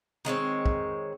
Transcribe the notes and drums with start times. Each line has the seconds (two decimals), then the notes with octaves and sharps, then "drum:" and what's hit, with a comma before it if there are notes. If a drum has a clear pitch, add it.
0.25 D#3 G#3 C4 C#5
0.66 drum: kick